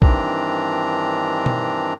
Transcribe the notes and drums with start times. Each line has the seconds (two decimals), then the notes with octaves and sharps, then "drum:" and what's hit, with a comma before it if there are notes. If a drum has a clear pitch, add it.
0.02 G2 D#3 E3 C4 D4 A#5, drum: kick
1.46 drum: tom B2